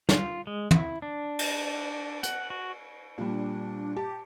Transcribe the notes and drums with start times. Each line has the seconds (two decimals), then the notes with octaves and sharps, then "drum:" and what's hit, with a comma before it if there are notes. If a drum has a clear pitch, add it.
0.09 F4, drum: snare
0.47 G#3
0.71 E4, drum: tom
1.02 D4
1.39 drum: cymbal
2.23 F#5, drum: hi-hat
2.50 F#4
3.18 A#2 G3 D4
3.96 G4 A5